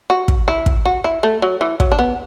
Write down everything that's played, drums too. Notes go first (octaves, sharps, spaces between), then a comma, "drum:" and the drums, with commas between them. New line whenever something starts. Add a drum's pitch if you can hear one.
F#4
drum: kick
E4
drum: kick
F#4
E4
A3
F#3
E3
F#3, drum: kick
D4
B3